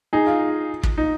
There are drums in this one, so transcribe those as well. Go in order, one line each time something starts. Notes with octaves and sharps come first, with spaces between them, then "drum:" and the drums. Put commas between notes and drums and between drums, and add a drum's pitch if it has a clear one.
D#4 G#4
F4
drum: kick
D#4